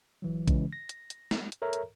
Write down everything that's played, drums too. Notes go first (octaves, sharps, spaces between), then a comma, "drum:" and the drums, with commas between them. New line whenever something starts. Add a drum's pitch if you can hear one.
G1 E3 F#3
C#3 E3 G#3 C#4, drum: kick A#1, hi-hat
A#6
drum: hi-hat
drum: hi-hat
drum: snare
drum: hi-hat
A4 A#4 C#5 E5 A#5
drum: hi-hat